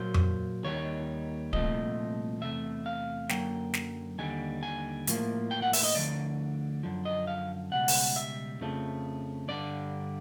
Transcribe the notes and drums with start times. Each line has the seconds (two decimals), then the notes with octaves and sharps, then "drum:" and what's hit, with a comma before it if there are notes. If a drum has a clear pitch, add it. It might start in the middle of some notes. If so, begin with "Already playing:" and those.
Already playing: A#2 F#3 A#3 C5
0.14 drum: tom F2
0.64 D#2 D#3 G3 C#5
1.53 C2 A#2 F3 A3 D#5, drum: kick D1
2.41 E2 C3 A3 E5
2.86 F5
3.29 F#2 D3 F#3 A#3 G5, drum: snare
3.74 drum: snare
4.18 D#2 D3 G3 G#5
4.63 G#5
5.07 A2 F3 A#3, drum: hi-hat
5.51 G5
5.62 F#5
5.73 E5, drum: open hi-hat
5.84 D#5
5.95 D2 D3 F3 D5
6.83 F#2 D3 F3
7.05 D#5
7.27 F5
7.72 C#2 B2 G3 F#5
7.88 drum: open hi-hat
8.16 E5
8.60 F2 C#3 F3 A3
9.48 G2 D3 G3 D5